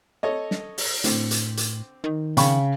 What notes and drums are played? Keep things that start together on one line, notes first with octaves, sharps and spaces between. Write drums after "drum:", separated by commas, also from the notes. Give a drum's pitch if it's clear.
A4 C#5 D#5
drum: snare
drum: open hi-hat
A2 D3 C4, drum: hi-hat
drum: hi-hat
drum: hi-hat
D#3
C#3 G5 B5 C#6, drum: hi-hat